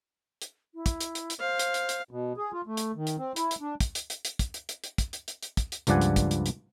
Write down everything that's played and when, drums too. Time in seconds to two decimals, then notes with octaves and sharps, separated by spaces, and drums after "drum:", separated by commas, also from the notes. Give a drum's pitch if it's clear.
0.42 drum: hi-hat
0.75 E4
0.86 drum: kick, hi-hat
1.00 drum: hi-hat
1.15 drum: hi-hat
1.30 drum: hi-hat
1.39 C5 F5
1.59 drum: hi-hat
1.74 drum: hi-hat
1.89 drum: hi-hat
2.11 B2
2.37 G#4
2.52 F4
2.67 A3
2.77 drum: hi-hat
2.96 D#3
3.07 drum: hi-hat
3.18 C4
3.36 E4, drum: hi-hat
3.51 drum: hi-hat
3.61 D4
3.80 drum: kick, hi-hat
3.95 drum: hi-hat
4.10 drum: hi-hat
4.25 drum: hi-hat
4.39 drum: kick, hi-hat
4.54 drum: hi-hat
4.69 drum: hi-hat
4.84 drum: hi-hat
4.98 drum: kick, hi-hat
5.13 drum: hi-hat
5.28 drum: hi-hat
5.43 drum: hi-hat
5.57 drum: kick, hi-hat
5.72 drum: hi-hat
5.87 C#2 G2 F3 D5 F#5 G#5, drum: hi-hat
6.01 drum: hi-hat
6.16 drum: kick, hi-hat
6.31 drum: hi-hat
6.46 drum: hi-hat